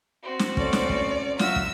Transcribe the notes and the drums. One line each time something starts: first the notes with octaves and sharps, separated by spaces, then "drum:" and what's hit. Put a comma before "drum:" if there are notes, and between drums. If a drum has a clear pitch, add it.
C4 F#4
drum: snare
A3 C#4 D5, drum: kick
drum: snare
drum: kick
F#3 F4 F#4 E5 E6, drum: snare
drum: kick